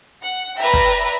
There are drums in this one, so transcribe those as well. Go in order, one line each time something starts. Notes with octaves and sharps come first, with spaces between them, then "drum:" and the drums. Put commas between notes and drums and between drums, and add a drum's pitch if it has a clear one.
F#5
B4 D5 E5 G5 A#5
drum: kick